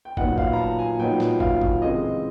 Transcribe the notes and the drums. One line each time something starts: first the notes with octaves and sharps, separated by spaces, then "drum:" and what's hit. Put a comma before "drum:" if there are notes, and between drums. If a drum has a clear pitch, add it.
G5
A#2 F#3 B3 D#4 F#5, drum: kick
F5, drum: kick
A#5
A5
G#5
A#2 F#3 B3 D#4 G5
drum: snare
F5, drum: kick
drum: kick
C#3 E3 G#3 C4 D#5